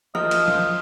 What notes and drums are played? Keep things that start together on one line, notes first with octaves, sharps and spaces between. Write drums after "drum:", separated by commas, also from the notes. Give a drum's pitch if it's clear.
F3 A#4 D#5 F6
drum: cymbal
drum: tom F3